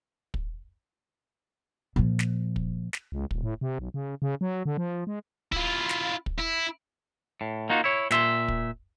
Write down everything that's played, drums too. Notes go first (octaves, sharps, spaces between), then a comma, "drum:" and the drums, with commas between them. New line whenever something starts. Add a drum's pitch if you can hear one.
drum: kick
A#2 F3
drum: snare
drum: kick
drum: snare
C#2
D#1, drum: kick
A2
C3
B1
C#3
C#3
F#3
D3
F3
G#3
E4 F4, drum: kick
drum: snare
drum: kick
E4
A2
A#3 D#4 F4 F#4
E4 C#5
A#2 E5 C6, drum: snare
drum: kick